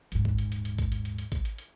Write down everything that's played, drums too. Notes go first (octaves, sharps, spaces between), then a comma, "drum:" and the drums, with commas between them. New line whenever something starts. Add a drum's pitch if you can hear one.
D#1 G#2, drum: hi-hat
drum: kick
drum: hi-hat
drum: hi-hat
drum: hi-hat
drum: kick, hi-hat
drum: hi-hat
drum: hi-hat
drum: hi-hat
drum: kick, hi-hat
drum: hi-hat
drum: hi-hat